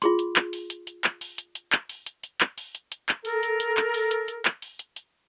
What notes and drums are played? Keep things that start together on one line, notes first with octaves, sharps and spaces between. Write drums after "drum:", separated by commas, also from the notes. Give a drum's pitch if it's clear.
F4 G#4 C6, drum: hi-hat
drum: hi-hat
drum: clap
drum: open hi-hat
drum: hi-hat
drum: hi-hat
drum: clap
drum: open hi-hat
drum: hi-hat
drum: hi-hat
drum: clap
drum: open hi-hat
drum: hi-hat
drum: hi-hat
drum: clap
drum: open hi-hat
drum: hi-hat
drum: hi-hat
drum: clap
A4 A#4, drum: open hi-hat
drum: hi-hat
drum: hi-hat
drum: clap
drum: open hi-hat
drum: hi-hat
drum: hi-hat
drum: clap
drum: open hi-hat
drum: hi-hat
drum: hi-hat